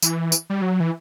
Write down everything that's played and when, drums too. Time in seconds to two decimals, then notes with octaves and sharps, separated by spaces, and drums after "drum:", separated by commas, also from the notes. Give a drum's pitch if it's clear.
0.03 E3, drum: tambourine
0.32 drum: tambourine
0.50 G3
0.62 F#3
0.80 E3